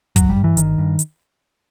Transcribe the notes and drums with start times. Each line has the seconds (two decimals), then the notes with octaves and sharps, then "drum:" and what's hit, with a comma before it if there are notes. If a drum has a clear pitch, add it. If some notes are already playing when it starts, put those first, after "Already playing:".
0.16 G1 F#3, drum: kick, hi-hat
0.29 G3
0.36 G2
0.44 E3
0.57 G1 D#3, drum: hi-hat
0.78 G2
0.99 drum: hi-hat